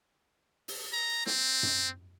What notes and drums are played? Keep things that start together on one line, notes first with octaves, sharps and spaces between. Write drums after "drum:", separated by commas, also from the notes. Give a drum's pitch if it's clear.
drum: open hi-hat
A#5
C4, drum: snare
drum: tom F#2